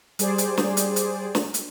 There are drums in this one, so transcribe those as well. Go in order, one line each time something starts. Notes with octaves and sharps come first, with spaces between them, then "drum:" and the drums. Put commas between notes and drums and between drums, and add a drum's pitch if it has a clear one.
G3 G#4 C5 D5, drum: hi-hat
drum: hi-hat
drum: snare
drum: hi-hat
drum: hi-hat
drum: snare
drum: hi-hat